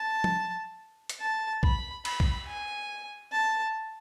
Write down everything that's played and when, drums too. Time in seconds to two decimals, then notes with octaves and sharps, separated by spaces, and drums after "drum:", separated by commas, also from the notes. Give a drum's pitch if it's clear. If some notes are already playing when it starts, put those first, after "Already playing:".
Already playing: A5
0.24 drum: tom
1.09 drum: hi-hat
1.20 A5
1.63 B5, drum: kick B1
2.05 B5, drum: cymbal
2.20 drum: kick B1
2.47 G#5
3.32 A5